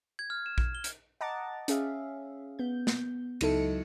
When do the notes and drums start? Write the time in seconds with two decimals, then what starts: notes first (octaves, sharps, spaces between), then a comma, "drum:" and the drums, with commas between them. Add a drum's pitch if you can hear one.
0.19 G#6
0.30 F6
0.46 E7
0.58 drum: kick A#1
0.75 G7
0.84 drum: hi-hat
1.21 D#5 F#5 A5 A#5 D6 A6
1.68 C#4 G#4 E5 F5, drum: hi-hat
2.59 B3 G6
2.87 drum: snare
3.41 C#2 F#3 D#4 E4 A4 C#7, drum: cymbal